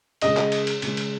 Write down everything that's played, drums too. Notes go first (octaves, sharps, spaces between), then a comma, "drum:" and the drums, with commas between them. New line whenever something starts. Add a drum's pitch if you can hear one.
C#3 G#3 C#4 D#5, drum: cymbal
drum: clap
drum: cymbal
drum: cymbal
C#3 G#3 C#4, drum: cymbal
drum: cymbal